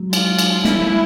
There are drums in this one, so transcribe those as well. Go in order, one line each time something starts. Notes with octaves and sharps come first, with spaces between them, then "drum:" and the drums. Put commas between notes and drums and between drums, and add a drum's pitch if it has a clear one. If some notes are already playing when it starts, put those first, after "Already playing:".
Already playing: F#3 G#3
F4, drum: cymbal
drum: cymbal
G3 A3 E4, drum: snare
G#3 A#3